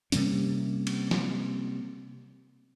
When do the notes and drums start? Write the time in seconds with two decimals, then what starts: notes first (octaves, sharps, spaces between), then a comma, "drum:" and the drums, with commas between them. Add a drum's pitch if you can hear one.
0.12 C3 G3 A#3 C#4, drum: hi-hat
0.87 drum: cymbal
1.11 drum: snare